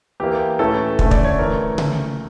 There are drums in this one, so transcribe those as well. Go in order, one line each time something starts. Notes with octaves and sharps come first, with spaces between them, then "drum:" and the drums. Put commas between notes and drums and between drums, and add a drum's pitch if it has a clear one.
E2 E3 A#3 G4
A2 E3 A3 C#4 A4
D2 D3 A3 C#4, drum: kick
D5, drum: kick
C#5
E2 E3 A3 A#4
A#2 A3 C#4, drum: tom C#3